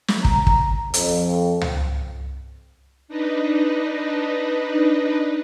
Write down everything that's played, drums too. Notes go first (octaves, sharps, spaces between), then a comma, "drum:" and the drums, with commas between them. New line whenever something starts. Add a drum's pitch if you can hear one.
drum: snare
A#5, drum: kick
drum: kick
F2, drum: hi-hat
drum: tom C#2
D4 D#4 B4 D#5